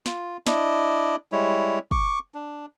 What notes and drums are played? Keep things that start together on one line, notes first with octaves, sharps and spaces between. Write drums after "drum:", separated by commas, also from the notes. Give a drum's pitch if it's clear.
F4, drum: snare
D4 E4 D5 D#5, drum: snare
G3 G#3 E4 C#5
C#6 D6, drum: kick
D4